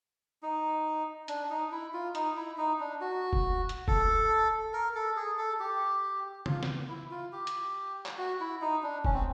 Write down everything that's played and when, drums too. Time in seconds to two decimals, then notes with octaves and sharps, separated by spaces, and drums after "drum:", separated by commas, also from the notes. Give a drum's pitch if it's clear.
0.43 D#4
1.28 D4, drum: hi-hat
1.50 D#4
1.72 E4
1.93 F4
2.15 D#4, drum: hi-hat
2.36 E4
2.58 D#4
2.80 D4
3.01 F#4
3.33 drum: kick F1
3.69 drum: hi-hat
3.88 A4, drum: kick F1
4.73 A#4
4.95 A4
5.16 G#4
5.38 A4
5.60 G4
6.46 F4, drum: tom C#3
6.63 drum: snare
6.89 E4
7.11 F4
7.32 G4
7.47 drum: hi-hat
8.06 drum: clap
8.18 F#4
8.40 E4
8.61 D#4
8.83 D4
9.05 C#4, drum: kick F1
9.14 C4